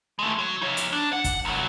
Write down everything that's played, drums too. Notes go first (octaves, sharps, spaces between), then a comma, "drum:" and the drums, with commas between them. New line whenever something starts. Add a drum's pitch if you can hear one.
G#3 A3
F#3
D#4 C#5
drum: hi-hat
D4
F#5
drum: kick, hi-hat
C2 F#3